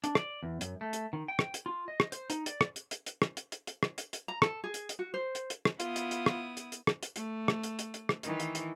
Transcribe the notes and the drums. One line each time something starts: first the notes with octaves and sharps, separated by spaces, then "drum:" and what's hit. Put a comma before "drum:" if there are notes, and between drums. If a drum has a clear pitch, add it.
D4, drum: hi-hat
D5, drum: rim click
E2
F#2, drum: hi-hat
A3
drum: hi-hat
D#3
G5
drum: rim click
drum: hi-hat
F4
D#5
drum: rim click
C5, drum: hi-hat
D#4, drum: hi-hat
D5, drum: hi-hat
drum: rim click
drum: hi-hat
drum: hi-hat
drum: hi-hat
drum: rim click
drum: hi-hat
drum: hi-hat
drum: hi-hat
drum: rim click
drum: hi-hat
drum: hi-hat
A#5
A4, drum: rim click
G#4
drum: hi-hat
drum: hi-hat
F#4
C5
drum: hi-hat
drum: hi-hat
drum: rim click
B3 E4 F4 D#6, drum: hi-hat
drum: hi-hat
drum: hi-hat
drum: rim click
drum: hi-hat
drum: hi-hat
drum: rim click
drum: hi-hat
A3, drum: hi-hat
drum: rim click
drum: hi-hat
drum: hi-hat
drum: hi-hat
drum: rim click
D#3 E3, drum: hi-hat
drum: hi-hat
drum: hi-hat